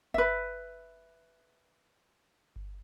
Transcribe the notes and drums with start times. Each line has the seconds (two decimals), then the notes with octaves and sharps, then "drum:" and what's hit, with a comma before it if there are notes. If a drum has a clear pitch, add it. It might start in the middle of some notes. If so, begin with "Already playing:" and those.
0.14 B4 E5, drum: kick G1
2.56 drum: kick G1